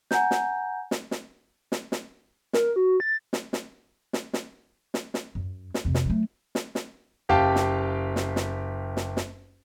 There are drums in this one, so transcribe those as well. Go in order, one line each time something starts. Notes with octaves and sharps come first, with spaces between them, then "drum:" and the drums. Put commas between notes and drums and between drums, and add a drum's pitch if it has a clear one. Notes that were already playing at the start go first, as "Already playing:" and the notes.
F#5 G#5 A#5 G6, drum: snare
drum: snare
drum: snare
drum: snare
drum: snare
drum: snare
A#4, drum: snare
F#4
A6
drum: snare
drum: snare
drum: snare
drum: snare
drum: snare
drum: snare
F#2
drum: snare
F2 C3
drum: snare
F#3 A3
drum: snare
drum: snare
F#1 G4 F5 G5 A5
drum: snare
drum: snare
drum: snare
drum: snare
drum: snare